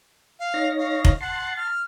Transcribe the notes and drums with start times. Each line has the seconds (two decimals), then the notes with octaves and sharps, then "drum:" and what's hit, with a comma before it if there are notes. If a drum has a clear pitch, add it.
0.39 F5
0.54 D#4 C#5 A#6
0.78 F5
1.05 drum: kick F1
1.21 F#5 A5 C6
1.56 F6